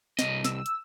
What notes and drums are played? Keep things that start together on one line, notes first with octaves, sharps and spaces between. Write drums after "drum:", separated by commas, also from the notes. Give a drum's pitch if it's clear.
C2 D#5, drum: snare
E6, drum: snare
drum: hi-hat